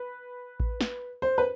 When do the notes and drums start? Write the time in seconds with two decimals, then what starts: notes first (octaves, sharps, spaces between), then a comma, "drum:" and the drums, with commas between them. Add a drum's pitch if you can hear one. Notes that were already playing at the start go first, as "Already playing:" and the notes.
Already playing: B4
0.60 drum: kick A1
0.81 drum: snare
1.22 C5
1.38 B4